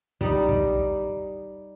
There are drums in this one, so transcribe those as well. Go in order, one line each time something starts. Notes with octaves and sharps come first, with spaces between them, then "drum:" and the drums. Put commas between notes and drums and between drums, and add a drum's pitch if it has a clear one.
G3 D#4, drum: kick
drum: kick